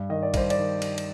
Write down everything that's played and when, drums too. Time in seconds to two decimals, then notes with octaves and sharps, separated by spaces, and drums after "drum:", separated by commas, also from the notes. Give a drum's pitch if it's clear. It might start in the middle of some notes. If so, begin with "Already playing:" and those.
Already playing: G2
0.09 D#3 D#5
0.23 D5
0.34 G2 C5, drum: kick, cymbal
0.50 D5, drum: cymbal
0.58 D#3
0.82 drum: cymbal
0.98 drum: cymbal